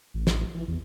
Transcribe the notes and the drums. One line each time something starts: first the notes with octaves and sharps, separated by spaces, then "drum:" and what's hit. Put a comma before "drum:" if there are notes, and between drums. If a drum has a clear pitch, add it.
A1
drum: snare
E3
E2